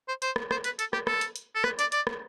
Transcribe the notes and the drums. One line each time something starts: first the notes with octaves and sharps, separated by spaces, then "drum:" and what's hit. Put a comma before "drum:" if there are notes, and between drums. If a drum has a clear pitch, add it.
C5
C5, drum: hi-hat
drum: rim click
C5, drum: rim click
B4, drum: hi-hat
A4, drum: hi-hat
G4, drum: rim click
A4, drum: rim click
drum: hi-hat
drum: hi-hat
A4
B4, drum: rim click
D5, drum: hi-hat
D5, drum: hi-hat
drum: rim click